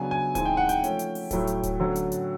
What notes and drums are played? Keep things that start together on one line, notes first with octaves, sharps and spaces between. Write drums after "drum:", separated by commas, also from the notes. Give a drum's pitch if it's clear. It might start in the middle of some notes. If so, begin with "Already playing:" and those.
Already playing: C#3 F#3 B3 D4 G#5
G#5
E3 G#3 C4 D#4 G#5, drum: kick D1, hi-hat
G5
F#5
G5, drum: hi-hat
F3 A3 C#4, drum: hi-hat
drum: hi-hat
drum: open hi-hat
A2 F#3 A3, drum: kick D1, hi-hat
drum: hi-hat
drum: kick D1, hi-hat
D3 F#3 A3 C#4
drum: hi-hat
drum: hi-hat